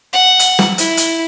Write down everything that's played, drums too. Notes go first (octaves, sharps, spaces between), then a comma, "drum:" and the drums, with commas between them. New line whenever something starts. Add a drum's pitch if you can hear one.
F#5
drum: hi-hat
drum: snare
E4, drum: hi-hat
drum: hi-hat